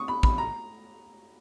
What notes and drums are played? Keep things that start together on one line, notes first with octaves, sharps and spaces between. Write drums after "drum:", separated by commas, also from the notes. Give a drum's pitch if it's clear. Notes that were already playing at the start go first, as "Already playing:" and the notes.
Already playing: C#6 D#6
B5
B5, drum: kick
A#5